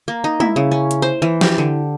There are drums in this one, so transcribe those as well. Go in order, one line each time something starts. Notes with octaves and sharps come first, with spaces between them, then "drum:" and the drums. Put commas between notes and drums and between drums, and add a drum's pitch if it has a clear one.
A#3
D#4
E4, drum: tom
C#3
C#4
drum: hi-hat
C5
E3
G4, drum: snare
D3